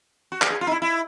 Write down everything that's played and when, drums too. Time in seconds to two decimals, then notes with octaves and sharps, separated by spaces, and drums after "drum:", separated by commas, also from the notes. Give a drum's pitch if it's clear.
0.32 F#4
0.42 G4, drum: clap
0.50 G#4
0.61 F4
0.67 D#4
0.72 E4
0.82 E4